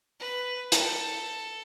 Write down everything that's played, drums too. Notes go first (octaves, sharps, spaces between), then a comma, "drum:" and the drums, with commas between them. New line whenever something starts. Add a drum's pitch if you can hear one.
B4
A4, drum: hi-hat